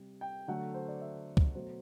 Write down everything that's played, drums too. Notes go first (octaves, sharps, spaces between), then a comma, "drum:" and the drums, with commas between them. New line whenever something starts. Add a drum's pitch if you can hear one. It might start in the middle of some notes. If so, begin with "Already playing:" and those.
Already playing: C3 G3
G5
D3 F#3 A3 F#5
C5
D5
E5
drum: kick C#2
B2 F#3 A3 C5